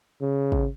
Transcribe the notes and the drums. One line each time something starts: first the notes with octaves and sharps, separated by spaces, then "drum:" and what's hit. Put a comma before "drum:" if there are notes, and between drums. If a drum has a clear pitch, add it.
C#3
drum: kick